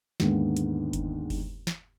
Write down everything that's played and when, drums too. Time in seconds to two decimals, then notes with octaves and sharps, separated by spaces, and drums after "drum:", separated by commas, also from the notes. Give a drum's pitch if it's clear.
0.20 D#2 G#2 D3 G#3 A#3 B3, drum: snare
0.57 drum: hi-hat
0.93 drum: kick F#1, hi-hat
1.30 drum: kick F#1, open hi-hat
1.67 drum: snare